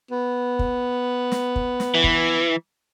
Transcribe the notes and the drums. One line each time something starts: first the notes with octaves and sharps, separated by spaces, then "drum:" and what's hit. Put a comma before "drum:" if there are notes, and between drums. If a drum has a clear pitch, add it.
B3
drum: kick
drum: snare
drum: kick
drum: snare
E3
drum: kick